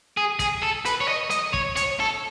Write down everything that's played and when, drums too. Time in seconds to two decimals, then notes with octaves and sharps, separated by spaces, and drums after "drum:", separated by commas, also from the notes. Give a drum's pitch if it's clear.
0.17 G#4
0.39 G#4, drum: kick, hi-hat
0.62 A4
0.85 B4, drum: hi-hat
1.01 C#5
1.08 D#5
1.30 D#5, drum: hi-hat
1.54 C#5, drum: kick
1.76 C#5, drum: hi-hat
2.00 A4